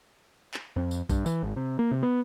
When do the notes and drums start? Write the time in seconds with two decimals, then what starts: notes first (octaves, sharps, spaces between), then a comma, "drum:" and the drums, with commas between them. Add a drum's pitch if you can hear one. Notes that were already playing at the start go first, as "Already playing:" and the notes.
0.54 drum: clap
0.76 F2
0.91 drum: tambourine
1.10 G2, drum: kick A#1, tambourine
1.26 E3, drum: tambourine
1.43 G#1
1.56 C3
1.79 A#3
1.91 C3
2.03 B3